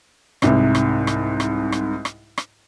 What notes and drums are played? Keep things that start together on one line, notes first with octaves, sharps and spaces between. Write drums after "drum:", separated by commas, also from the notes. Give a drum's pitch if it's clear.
C2 G#2 C3, drum: rim click
drum: rim click
drum: rim click
drum: rim click
drum: rim click
drum: rim click
drum: rim click